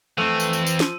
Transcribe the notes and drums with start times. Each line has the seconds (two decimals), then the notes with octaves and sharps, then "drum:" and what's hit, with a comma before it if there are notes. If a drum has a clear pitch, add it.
0.18 E3 F3 A3 C4 E6 D#7
0.40 drum: tambourine
0.53 drum: tambourine
0.67 drum: tambourine
0.80 F3, drum: snare